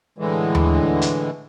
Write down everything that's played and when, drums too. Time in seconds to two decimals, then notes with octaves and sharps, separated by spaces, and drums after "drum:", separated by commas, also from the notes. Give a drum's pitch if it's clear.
0.18 A2 D3 E3 G#3
0.55 drum: tom D#2
1.02 drum: hi-hat